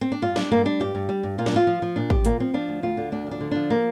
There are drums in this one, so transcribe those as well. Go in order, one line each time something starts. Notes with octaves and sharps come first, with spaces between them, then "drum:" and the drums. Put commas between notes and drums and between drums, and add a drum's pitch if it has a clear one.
C4
D4
G2 F4
G3 D4, drum: snare
G2 A#3
G3 D4
G2 G4
G2
G3
G2
A#2 F4
D4, drum: snare
F3 F4
F3
F3
A#2 D4
F3 G4, drum: kick
A#2 A#3, drum: hi-hat
F3 C4
F3 D4
D2
D2 F4
D3
D2 D4
F3 D4
D3
F3 D4
A#3